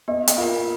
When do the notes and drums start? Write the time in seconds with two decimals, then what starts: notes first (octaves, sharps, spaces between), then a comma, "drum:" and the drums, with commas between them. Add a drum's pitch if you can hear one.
0.08 B3 D#5
0.28 drum: hi-hat
0.37 F4 A#4 F5